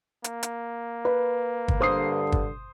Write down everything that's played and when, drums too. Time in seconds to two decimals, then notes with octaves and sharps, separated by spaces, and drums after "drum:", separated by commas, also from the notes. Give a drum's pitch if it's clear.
0.24 A#3, drum: hi-hat
0.43 drum: hi-hat
1.05 B4
1.68 drum: kick G1
1.80 G2 D3 C5 D#6 C7
2.32 drum: kick G1